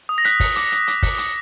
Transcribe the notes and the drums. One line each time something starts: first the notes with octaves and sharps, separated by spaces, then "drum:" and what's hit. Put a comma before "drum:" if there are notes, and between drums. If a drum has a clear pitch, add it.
D#6
A#6
F#6 B6, drum: hi-hat
F#6, drum: kick, open hi-hat
D6, drum: hi-hat
D6, drum: hi-hat
D6, drum: hi-hat
F#6, drum: kick, open hi-hat
D6, drum: hi-hat